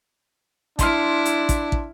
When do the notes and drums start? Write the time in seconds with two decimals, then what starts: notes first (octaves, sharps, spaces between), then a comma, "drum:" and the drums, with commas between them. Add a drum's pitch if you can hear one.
0.79 D4 E4 A5 C6 F6, drum: kick, hi-hat
1.25 drum: hi-hat
1.49 drum: kick, hi-hat
1.72 drum: kick